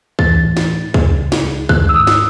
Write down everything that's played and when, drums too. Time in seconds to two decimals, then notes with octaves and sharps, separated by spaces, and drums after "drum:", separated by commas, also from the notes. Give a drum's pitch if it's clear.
0.19 E3 A6, drum: kick C#2
0.44 A2
0.57 drum: snare
0.70 A2
0.94 C#3, drum: kick C#2
1.19 C#2
1.32 drum: snare
1.45 G#3
1.69 D#3 F#6, drum: kick C#2
1.89 E6
1.94 G#2 D#6
2.07 drum: snare